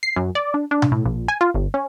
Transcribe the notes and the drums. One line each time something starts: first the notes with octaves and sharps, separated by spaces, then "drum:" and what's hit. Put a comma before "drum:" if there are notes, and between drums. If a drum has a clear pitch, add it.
C7
F#2
D5
D4
D4
drum: tom B2
A2
A#1
G#5
F4
G1
C#4